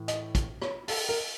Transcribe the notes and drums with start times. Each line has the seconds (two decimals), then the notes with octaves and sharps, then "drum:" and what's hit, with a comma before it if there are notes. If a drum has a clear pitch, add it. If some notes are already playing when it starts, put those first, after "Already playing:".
Already playing: A2 E3
0.08 D#5, drum: hi-hat
0.35 drum: kick, hi-hat
0.62 C#5, drum: rim click
0.88 A4, drum: open hi-hat
1.09 A#4